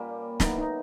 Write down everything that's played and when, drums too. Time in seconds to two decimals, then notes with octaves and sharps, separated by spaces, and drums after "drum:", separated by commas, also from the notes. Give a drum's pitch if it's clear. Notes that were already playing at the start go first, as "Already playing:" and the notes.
Already playing: A#2 G3 A#3 C#4
0.40 D#3 F#3 B3 D#4 E4, drum: snare
0.58 D#4